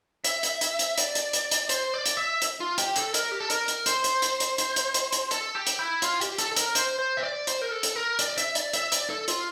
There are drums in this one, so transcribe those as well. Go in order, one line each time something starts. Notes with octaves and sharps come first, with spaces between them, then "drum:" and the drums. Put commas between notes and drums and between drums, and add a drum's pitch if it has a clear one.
E5, drum: hi-hat
drum: hi-hat
drum: hi-hat
drum: hi-hat
D5, drum: hi-hat
drum: hi-hat
drum: hi-hat
drum: hi-hat
C5, drum: hi-hat
D5
drum: hi-hat
E5
drum: hi-hat
F4
G4, drum: hi-hat
A4, drum: hi-hat
A#4, drum: hi-hat
G4
A4
A#4, drum: hi-hat
drum: hi-hat
C5, drum: hi-hat
drum: hi-hat
drum: hi-hat
drum: hi-hat
drum: hi-hat
drum: hi-hat
drum: hi-hat
drum: hi-hat
A4, drum: hi-hat
G4
drum: hi-hat
E4
F4, drum: hi-hat
G4, drum: hi-hat
A4, drum: hi-hat
A4
A#4, drum: hi-hat
C5, drum: hi-hat
C5
E5
D5
C5, drum: hi-hat
A#4
A4
drum: hi-hat
A#4
D5, drum: hi-hat
E5, drum: hi-hat
D5, drum: hi-hat
E5, drum: hi-hat
D5, drum: hi-hat
A4
F4, drum: hi-hat